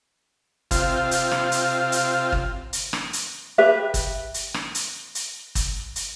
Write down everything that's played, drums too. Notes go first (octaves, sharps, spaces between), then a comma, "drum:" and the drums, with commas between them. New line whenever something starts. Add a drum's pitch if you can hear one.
C3 F4, drum: kick, hi-hat
drum: hi-hat
drum: rim click
drum: hi-hat
drum: hi-hat
drum: kick
drum: hi-hat
drum: rim click
drum: hi-hat
G4 B4 E5
drum: kick, hi-hat
drum: hi-hat
drum: rim click
drum: hi-hat
drum: hi-hat
drum: kick, hi-hat
drum: hi-hat